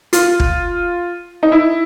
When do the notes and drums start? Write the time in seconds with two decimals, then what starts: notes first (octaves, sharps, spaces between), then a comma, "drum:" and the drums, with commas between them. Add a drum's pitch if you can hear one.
0.13 F4, drum: hi-hat
0.40 drum: kick
1.43 D#4
1.52 E4